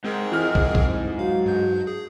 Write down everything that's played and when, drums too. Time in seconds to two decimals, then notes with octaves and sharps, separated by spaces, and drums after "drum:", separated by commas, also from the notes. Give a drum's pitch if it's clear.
0.05 G#2 C4 G#4 A#4
0.32 F2 E3 F6
0.55 drum: kick
0.75 drum: kick
1.19 F#3 F5
1.46 G2 G6
1.87 G#4